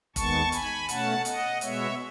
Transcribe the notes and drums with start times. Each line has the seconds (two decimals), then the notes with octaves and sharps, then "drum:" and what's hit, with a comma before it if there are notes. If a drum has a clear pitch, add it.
0.16 D#2 D#3 G#3 B3 A5 C#6, drum: kick F1, hi-hat
0.52 G#5 B5, drum: hi-hat
0.89 B2 A3 C#4 F#5 A5, drum: hi-hat
1.25 D#5 F#5, drum: hi-hat
1.61 B2 G#3 B3 C#5 E5, drum: hi-hat